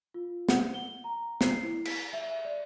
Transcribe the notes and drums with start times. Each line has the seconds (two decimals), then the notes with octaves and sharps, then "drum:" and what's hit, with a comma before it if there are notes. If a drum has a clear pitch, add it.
0.14 F4
0.49 F#5, drum: snare
0.74 G7
1.04 A#5
1.41 C7, drum: snare
1.63 E4
1.85 B6, drum: cymbal
2.13 E5
2.45 D5